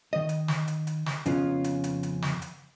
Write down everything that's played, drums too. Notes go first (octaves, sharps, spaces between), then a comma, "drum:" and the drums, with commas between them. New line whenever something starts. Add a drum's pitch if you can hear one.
D#3 D#5
drum: hi-hat
drum: snare
drum: hi-hat
drum: hi-hat
drum: snare
F2 C#3 B3 C#4 F4, drum: hi-hat
drum: hi-hat
drum: hi-hat
drum: hi-hat
drum: snare
drum: hi-hat